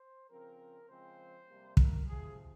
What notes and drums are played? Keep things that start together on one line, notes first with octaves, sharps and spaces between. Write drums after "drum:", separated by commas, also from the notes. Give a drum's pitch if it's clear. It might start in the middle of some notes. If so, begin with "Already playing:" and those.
Already playing: C5
C#3 F3 C4 A#4
C#3 F3 G#3 C4 C5
C3 G3 A#3
A#4, drum: kick
C3 F3 C4 G#4